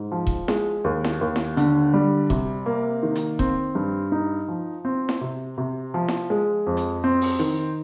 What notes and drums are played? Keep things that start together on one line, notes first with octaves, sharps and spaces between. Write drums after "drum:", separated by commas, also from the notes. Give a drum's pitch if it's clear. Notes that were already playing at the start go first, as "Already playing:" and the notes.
Already playing: G#2
F3
drum: kick E1
G#3, drum: snare E4
D#2
drum: snare E4
D#2
drum: snare E4
D3, drum: hi-hat
G3
C3, drum: kick E1
A#3
D#3
drum: hi-hat
C4, drum: kick E1
G2
D#4
F3
C4
drum: snare E4
C3
C3
F3
drum: snare E4
G#3
F2
drum: hi-hat
C4
drum: open hi-hat
D#3, drum: hi-hat